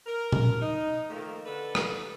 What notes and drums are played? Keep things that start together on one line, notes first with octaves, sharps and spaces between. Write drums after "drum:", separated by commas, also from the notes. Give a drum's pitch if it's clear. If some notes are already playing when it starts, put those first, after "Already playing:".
A#4
drum: tom A#2
D#4
D#3 F3 A3 A#3
D3 D4 A4 B4
drum: rim click